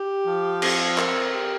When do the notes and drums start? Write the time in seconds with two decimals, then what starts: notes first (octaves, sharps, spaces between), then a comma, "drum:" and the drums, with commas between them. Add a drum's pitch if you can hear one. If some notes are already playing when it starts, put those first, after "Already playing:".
Already playing: G4
0.24 F3
0.62 C4, drum: cymbal
0.98 A#4, drum: clap
1.34 G4